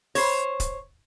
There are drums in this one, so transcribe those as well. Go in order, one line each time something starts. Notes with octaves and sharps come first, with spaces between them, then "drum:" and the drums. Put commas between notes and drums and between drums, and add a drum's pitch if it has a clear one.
C5 C#5, drum: open hi-hat
drum: kick D1, hi-hat